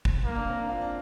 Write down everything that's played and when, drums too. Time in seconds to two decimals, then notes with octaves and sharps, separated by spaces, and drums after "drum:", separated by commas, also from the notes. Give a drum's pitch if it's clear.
0.05 drum: kick
0.25 A#3
0.36 D4
0.48 C4
0.59 D4
0.69 F4
0.81 D4